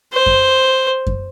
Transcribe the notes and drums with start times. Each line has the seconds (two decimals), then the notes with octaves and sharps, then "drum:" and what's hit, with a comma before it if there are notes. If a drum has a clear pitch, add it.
0.13 C5
0.26 drum: kick F#2
1.07 drum: kick F#2